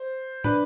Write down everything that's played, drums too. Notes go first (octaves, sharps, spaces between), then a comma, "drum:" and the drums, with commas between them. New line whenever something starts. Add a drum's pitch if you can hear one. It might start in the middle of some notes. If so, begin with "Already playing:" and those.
Already playing: C5
D4 B4, drum: tom